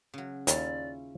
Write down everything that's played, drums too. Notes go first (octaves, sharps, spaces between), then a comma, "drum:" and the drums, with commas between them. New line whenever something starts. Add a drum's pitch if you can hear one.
C#3 F#3
D#2 C#4 E4 F4 D5, drum: hi-hat